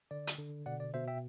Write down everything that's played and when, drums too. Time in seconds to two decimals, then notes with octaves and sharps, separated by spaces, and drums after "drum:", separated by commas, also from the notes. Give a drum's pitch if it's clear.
0.11 D3 D5
0.27 drum: hi-hat
0.38 D3
0.66 B2 D5 F#5
0.80 D5
0.94 B2 C5 E5
1.08 E5 G5